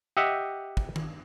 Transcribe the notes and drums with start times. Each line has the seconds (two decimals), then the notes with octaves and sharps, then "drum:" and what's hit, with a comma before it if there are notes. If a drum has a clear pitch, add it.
0.17 G4 D#5 E5 F#5
0.77 drum: kick
0.96 drum: tom D#3